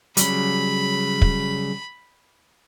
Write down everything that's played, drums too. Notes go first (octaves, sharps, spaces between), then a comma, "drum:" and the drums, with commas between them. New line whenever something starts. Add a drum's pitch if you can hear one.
C#3 F#3 G3 B5, drum: hi-hat
drum: kick